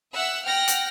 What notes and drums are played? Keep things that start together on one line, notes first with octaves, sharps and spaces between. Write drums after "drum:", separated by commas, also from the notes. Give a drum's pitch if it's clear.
E5 F#5 E6
F#5 G5 F6 A#6
drum: hi-hat